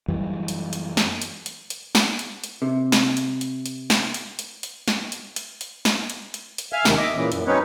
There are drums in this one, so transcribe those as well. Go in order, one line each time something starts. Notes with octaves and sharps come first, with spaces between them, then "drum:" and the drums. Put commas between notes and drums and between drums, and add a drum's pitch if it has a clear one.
F#2 E3 G3
drum: hi-hat
drum: hi-hat
drum: snare
drum: hi-hat
drum: hi-hat
drum: hi-hat
drum: snare
drum: hi-hat
drum: hi-hat
C3
drum: snare
drum: hi-hat
drum: hi-hat
drum: hi-hat
drum: snare
drum: hi-hat
drum: hi-hat
drum: hi-hat
drum: snare
drum: hi-hat
drum: hi-hat
drum: hi-hat
drum: snare
drum: hi-hat
drum: hi-hat
drum: hi-hat
E5 F5 G#5 F6
D#2 C3 D#3, drum: snare
D#5 E5 D6
A#2 C#3 E3
F#2, drum: hi-hat
F#3 C4 C#4 D#4 B4 C#5